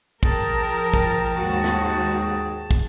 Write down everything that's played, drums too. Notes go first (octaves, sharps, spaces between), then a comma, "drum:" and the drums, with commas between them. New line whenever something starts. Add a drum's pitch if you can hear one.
F3 G#4 A#4 G5 A5, drum: kick
drum: kick
D#2 G#2 F#4
drum: snare
drum: kick